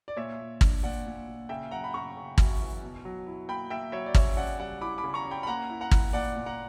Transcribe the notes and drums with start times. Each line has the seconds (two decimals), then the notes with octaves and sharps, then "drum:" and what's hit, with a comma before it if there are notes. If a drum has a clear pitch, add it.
0.08 D5
0.17 A#2 C#5 E5
0.40 A#2
0.61 D4, drum: kick G#1
0.83 A#2 D5 F#5
1.06 A#2
1.27 A#2
1.49 C#3 E5 G5
1.71 F#2 F#5 A#5
1.84 B5
1.94 C#3 A#5 C#6
2.16 C#3
2.38 F#2, drum: kick G#1
2.61 E3
2.82 B2
3.05 F#3
3.27 E4
3.48 A#3 G5 B5
3.70 A#3 E5 G5
3.92 F#3 C#5 E5
4.06 D5
4.14 C#3 C#5 E5, drum: kick G#1
4.37 C#4 D5 F#5
4.59 G3 D5 F#5
4.81 E4 B5 D6
4.98 B5 D6
5.04 C#3
5.14 A#5 C#6
5.25 C#4
5.31 G5 B5
5.43 B5
5.47 A#3 F#5 A#5
5.69 E4
5.81 F#5 A#5
5.91 E4, drum: kick G#1
6.13 A#2 D5 F#5
6.36 A#2
6.46 F#5 A#5